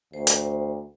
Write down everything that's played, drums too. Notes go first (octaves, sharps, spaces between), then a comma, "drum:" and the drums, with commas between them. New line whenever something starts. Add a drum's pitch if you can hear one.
D2 C5
drum: hi-hat